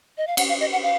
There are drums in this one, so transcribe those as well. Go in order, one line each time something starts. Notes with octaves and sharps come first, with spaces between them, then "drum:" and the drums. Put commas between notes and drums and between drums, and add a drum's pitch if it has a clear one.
D#5
F5
F#5, drum: cymbal
F5
D#5
F#5
F5